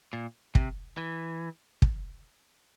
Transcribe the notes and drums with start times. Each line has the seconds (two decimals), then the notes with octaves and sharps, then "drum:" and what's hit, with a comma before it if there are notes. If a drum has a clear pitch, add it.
0.13 A#2
0.55 C3, drum: kick
0.97 E3
1.82 drum: kick